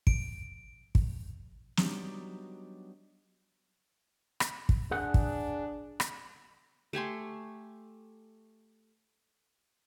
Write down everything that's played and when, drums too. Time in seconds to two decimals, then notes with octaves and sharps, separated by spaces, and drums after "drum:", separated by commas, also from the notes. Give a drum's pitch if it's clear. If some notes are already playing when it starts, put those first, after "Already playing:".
0.07 D7, drum: kick
0.95 drum: kick
1.77 F#3 G3 B3 D4 D#4 G4, drum: snare
4.40 drum: rim click
4.69 drum: kick
4.91 D4 G#4 F#5
5.14 drum: kick
6.00 drum: rim click
6.93 A3 G4 G#5 C6